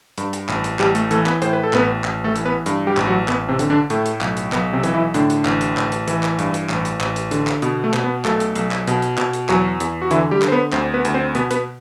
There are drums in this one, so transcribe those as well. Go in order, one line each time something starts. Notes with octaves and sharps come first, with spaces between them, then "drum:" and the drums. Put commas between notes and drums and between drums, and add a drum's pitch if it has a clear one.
G2, drum: hi-hat
drum: hi-hat
A1, drum: clap
drum: hi-hat
A1 G3 G4, drum: clap
A3 A4, drum: hi-hat
E3 A3 A4, drum: hi-hat
B3 B4, drum: clap
A2 C5, drum: hi-hat
B4
A4
A1 B3 B4, drum: clap
A1, drum: clap
A3 A4
E3, drum: hi-hat
B3 B4
G2, drum: hi-hat
G3 G4
A1, drum: clap
F#3 F#4
A1 B3, drum: clap
C3 C4
D3, drum: hi-hat
D3 D4
A2 A3, drum: hi-hat
drum: hi-hat
B1, drum: clap
drum: hi-hat
B1 B3, drum: clap
C3 C4
E3, drum: hi-hat
E3 E4
A2 D3 D4, drum: hi-hat
drum: hi-hat
A1, drum: clap
drum: hi-hat
A1, drum: clap
drum: hi-hat
E3, drum: hi-hat
drum: clap
G2, drum: hi-hat
drum: hi-hat
A1, drum: clap
drum: hi-hat
A1, drum: clap
drum: hi-hat
D3, drum: hi-hat
drum: clap
B2 B3, drum: hi-hat
A3
B2, drum: clap
B3
B1 A3 A4, drum: clap
drum: hi-hat
B1, drum: hi-hat
drum: clap
B2, drum: hi-hat
drum: hi-hat
B2, drum: clap
drum: hi-hat
E2 F#3 F#4, drum: clap
E2, drum: hi-hat
F#4
D3 E3 E4, drum: hi-hat
G3 G4
D3, drum: clap
C5
B3 B4
D2 C4 C5, drum: clap
B3 B4
D2, drum: hi-hat
C4 C5
B2 B3 B4, drum: hi-hat
B3 B4, drum: hi-hat